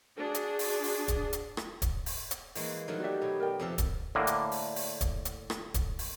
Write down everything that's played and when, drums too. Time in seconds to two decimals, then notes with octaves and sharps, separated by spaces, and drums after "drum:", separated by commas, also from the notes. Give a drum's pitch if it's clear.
0.17 D4 F#4 G#4
0.34 drum: hi-hat
0.59 drum: open hi-hat
0.84 drum: open hi-hat
1.08 drum: kick, hi-hat
1.33 drum: hi-hat
1.57 drum: rim click
1.82 drum: kick, hi-hat
2.06 drum: open hi-hat
2.31 drum: hi-hat
2.55 E3 G#3 A#3, drum: open hi-hat
2.87 D#3 F#3 A3
3.00 F#4 G4 D5 E5
3.22 B2 C#5
3.40 A#4 D5 G5
3.60 F2 C3 A4
3.78 drum: kick, hi-hat
4.15 A2 D3 A#3
4.27 drum: hi-hat
4.52 drum: open hi-hat
4.76 drum: open hi-hat
5.01 drum: kick, hi-hat
5.25 drum: hi-hat
5.50 drum: rim click
5.74 drum: kick, hi-hat
5.99 drum: open hi-hat